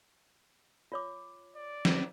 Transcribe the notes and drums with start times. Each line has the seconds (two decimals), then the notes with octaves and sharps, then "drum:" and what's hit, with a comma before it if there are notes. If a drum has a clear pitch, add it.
0.92 F4 C#5 D6
1.56 D5
1.85 drum: snare